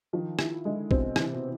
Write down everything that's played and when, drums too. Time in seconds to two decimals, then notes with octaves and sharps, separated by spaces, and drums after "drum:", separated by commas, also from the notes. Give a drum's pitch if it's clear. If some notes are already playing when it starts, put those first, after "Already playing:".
0.13 D#3 F3
0.39 E4, drum: rim click
0.65 D3 G#3
0.91 B2 C4, drum: kick
1.16 C3 E3, drum: rim click
1.33 B2